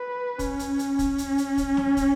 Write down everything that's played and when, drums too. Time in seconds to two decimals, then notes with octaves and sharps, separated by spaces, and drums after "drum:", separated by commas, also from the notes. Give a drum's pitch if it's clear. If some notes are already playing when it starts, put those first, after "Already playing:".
Already playing: B4
0.39 C#4, drum: kick, hi-hat
0.59 drum: hi-hat
0.79 drum: hi-hat
0.99 C#4, drum: kick, hi-hat
1.18 drum: hi-hat
1.38 drum: hi-hat
1.57 drum: kick, hi-hat
1.77 drum: snare
1.97 drum: kick, hi-hat